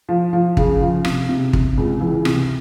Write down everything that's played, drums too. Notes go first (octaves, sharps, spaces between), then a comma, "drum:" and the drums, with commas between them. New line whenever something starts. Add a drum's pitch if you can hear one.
F3
F3
C#3, drum: kick
F3
C3, drum: rim click
C3
C3, drum: kick
C#2
E3
C3, drum: rim click